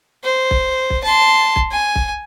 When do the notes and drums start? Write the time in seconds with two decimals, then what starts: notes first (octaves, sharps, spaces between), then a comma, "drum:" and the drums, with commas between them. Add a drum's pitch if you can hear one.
0.24 C5
0.51 drum: kick
0.90 drum: kick
1.03 A5 C6
1.56 drum: kick
1.71 G#5
1.96 drum: kick